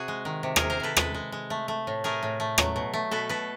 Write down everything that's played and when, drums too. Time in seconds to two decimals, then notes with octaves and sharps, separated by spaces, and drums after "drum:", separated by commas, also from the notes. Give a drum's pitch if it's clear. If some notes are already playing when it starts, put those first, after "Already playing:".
Already playing: C3 F#4 G#4
0.08 G#3
0.25 D#3
0.43 C3
0.56 G#4 A#4, drum: rim click
0.62 C3
0.70 A#4 C5
0.80 C3 A4 B4
0.97 G#3 A4 B4, drum: rim click
1.14 G#3
1.32 G#3
1.50 A3
1.68 A3
1.87 A2
2.04 A3 G#4 A#4
2.23 A2
2.40 A3
2.58 F#3, drum: rim click
2.76 B2
2.93 A3
3.11 B2 A4 B4
3.29 B2 A4 B4